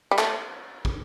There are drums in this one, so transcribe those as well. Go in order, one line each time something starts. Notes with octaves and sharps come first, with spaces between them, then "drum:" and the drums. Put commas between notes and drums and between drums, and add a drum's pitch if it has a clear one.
G3
A3, drum: clap
drum: kick